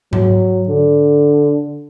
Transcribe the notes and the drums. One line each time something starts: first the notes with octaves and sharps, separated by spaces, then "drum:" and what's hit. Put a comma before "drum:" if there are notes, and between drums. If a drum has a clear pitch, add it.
F#3, drum: tom G#2
D3